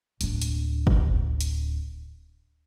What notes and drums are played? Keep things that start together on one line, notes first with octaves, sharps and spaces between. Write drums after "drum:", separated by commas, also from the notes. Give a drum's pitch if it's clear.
D1 D4, drum: hi-hat
drum: hi-hat
drum: kick
drum: hi-hat